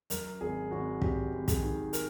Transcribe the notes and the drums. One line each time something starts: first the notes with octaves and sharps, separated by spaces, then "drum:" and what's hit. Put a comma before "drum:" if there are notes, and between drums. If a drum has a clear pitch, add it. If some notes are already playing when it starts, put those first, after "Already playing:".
F#2 A#4, drum: hi-hat
G#1 G#4
G#1 F#4
G#1 G4, drum: kick
G#1
G#4, drum: kick, hi-hat
D#3
A#4, drum: hi-hat